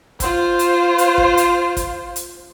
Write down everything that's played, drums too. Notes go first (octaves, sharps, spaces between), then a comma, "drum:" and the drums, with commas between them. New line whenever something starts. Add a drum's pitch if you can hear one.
F4 C5, drum: kick, hi-hat
drum: hi-hat
drum: hi-hat
drum: kick
drum: hi-hat
drum: kick, hi-hat
drum: hi-hat